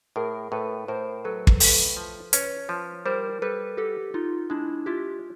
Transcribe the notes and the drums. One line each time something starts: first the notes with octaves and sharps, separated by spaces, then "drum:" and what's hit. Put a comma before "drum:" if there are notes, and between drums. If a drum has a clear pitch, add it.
A2 G#4 A#4
A2 A4 B4
A2 A#4 C5
F#3 A4 B4
drum: kick
A2 A4 B4, drum: open hi-hat
F3
C#4 B4 C#5, drum: hi-hat
F3
G3 A#4 C5
G3 A4 B4
F#4 G4 A4
D#4 F4 F#4
G#3 D4 E4
E4 F4 G4